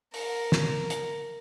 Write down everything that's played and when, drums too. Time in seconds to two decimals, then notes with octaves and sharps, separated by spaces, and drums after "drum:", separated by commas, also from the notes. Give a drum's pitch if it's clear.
0.14 A#4, drum: open hi-hat
0.52 drum: snare
0.90 drum: hi-hat